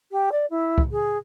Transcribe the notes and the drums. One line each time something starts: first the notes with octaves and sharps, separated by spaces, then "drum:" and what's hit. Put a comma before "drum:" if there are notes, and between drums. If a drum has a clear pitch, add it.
G4
D5
E4
drum: kick C2
G#4